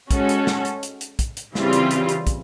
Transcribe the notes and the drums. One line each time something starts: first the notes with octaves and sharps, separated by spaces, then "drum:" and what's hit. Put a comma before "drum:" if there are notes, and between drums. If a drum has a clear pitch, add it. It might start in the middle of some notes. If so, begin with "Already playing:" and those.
G#3 C#4 F#4 A4, drum: kick, hi-hat
drum: hi-hat
drum: snare
drum: hi-hat
drum: hi-hat
drum: hi-hat
drum: kick, hi-hat
drum: hi-hat
C#3 E3 G3 C4 F4, drum: snare
drum: hi-hat
drum: hi-hat
drum: hi-hat
drum: kick, hi-hat